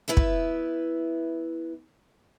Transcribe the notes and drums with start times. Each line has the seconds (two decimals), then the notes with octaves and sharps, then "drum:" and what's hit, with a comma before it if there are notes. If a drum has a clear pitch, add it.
0.08 B3 E4 B4 E5
0.17 drum: kick